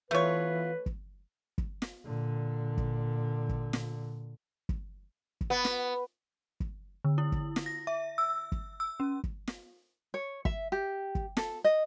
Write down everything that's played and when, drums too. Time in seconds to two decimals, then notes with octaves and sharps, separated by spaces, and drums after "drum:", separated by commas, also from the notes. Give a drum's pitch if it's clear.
0.11 E3 A3 B3 F4 B4 C#5
0.86 drum: kick
1.58 drum: kick
1.82 drum: snare
2.04 A#2 D3
2.77 drum: kick
3.49 drum: kick
3.73 drum: snare
4.69 drum: kick
5.41 drum: kick
5.50 B3
5.65 drum: snare
6.60 drum: kick
7.04 D3
7.18 E4
7.32 drum: kick
7.56 drum: snare
7.66 A#6
7.87 E5
8.18 E6
8.52 drum: kick
8.80 E6
9.00 C#4
9.24 drum: kick
9.47 drum: snare
10.14 C#5
10.45 E5, drum: kick
10.72 G4
11.15 drum: kick
11.37 A4, drum: snare
11.64 D#5